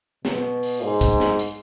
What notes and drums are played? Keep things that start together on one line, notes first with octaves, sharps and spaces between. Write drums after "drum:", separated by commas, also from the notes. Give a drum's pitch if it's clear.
B2, drum: snare
drum: open hi-hat
G#2
drum: kick, hi-hat
drum: snare
drum: hi-hat